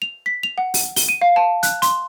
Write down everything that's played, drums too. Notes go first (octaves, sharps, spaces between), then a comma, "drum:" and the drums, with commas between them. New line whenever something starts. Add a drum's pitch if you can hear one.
F7
B6
F7
F#5
drum: open hi-hat
G7, drum: open hi-hat
D#7
F5
A5
F#6, drum: hi-hat
C6, drum: hi-hat